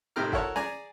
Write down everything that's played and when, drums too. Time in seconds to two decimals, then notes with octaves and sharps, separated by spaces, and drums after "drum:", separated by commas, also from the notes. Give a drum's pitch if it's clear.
0.16 A2 C3 D#3 G4 A#5 F6
0.32 E4 F#4 A4 A#4 C#5, drum: kick
0.56 G#4 D5 G#5 A#5, drum: snare